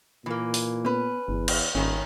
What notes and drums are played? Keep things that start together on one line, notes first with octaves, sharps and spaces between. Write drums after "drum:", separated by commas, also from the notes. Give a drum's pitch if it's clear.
A#2 E3 A#3
drum: open hi-hat
B3 C#4 B4
G1 E2
drum: cymbal
D#1 G#1 A2 D#3 C#4